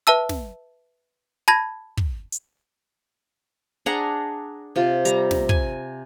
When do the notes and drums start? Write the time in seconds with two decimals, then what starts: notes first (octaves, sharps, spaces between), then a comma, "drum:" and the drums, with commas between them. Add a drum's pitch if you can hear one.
0.07 B4 E5 A5 E6
0.29 drum: snare
1.48 A5 B5 G#6 A#6
1.97 drum: kick
2.32 drum: hi-hat
3.86 D4 G#4 F#5 A#5
4.76 C3 F4
5.05 G3 A#5, drum: hi-hat
5.31 drum: snare
5.49 G#5, drum: kick